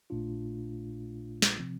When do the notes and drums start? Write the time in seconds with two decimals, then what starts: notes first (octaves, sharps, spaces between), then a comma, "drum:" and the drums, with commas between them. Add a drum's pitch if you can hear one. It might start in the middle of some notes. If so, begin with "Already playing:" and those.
0.10 A#1 A#2 A3 D4 F4
1.42 drum: snare
1.58 C3 F3 C4